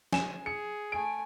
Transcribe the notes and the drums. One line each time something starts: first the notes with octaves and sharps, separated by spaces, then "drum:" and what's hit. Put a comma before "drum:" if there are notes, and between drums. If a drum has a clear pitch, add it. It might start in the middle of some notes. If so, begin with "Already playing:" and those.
G#5 E7, drum: snare
G#4 C#7
A3 G#5 D7